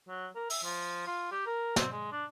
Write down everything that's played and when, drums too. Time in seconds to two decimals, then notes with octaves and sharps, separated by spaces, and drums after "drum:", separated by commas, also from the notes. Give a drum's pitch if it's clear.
0.08 F#3
0.35 A#4
0.50 E5, drum: open hi-hat
0.64 F3
1.06 F4
1.31 G4
1.46 A#4
1.76 C4, drum: snare
1.92 G#3
2.12 D4